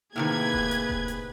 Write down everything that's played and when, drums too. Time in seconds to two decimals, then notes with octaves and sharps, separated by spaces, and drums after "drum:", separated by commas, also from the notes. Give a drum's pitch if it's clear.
0.16 A2 C3 D#3 A#3 G#4 B4 G#6
0.53 drum: kick E1
0.71 drum: hi-hat
0.90 drum: kick E1
1.08 drum: hi-hat